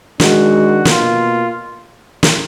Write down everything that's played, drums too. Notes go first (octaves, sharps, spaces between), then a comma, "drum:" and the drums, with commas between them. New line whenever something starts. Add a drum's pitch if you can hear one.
D#3 G#3 D4 F#4, drum: snare
B2 A#3 F4, drum: snare
drum: snare